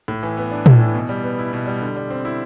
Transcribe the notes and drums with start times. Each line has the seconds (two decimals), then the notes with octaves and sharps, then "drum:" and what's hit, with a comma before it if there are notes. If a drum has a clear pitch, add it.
0.08 A2
0.23 E3
0.37 B3
0.51 D4
0.66 A2, drum: tom
0.81 E3
0.94 B2
1.09 G3
1.23 B3
1.39 E4
1.53 B2
1.67 G3
1.82 D3
1.96 G3
2.10 C4
2.25 E4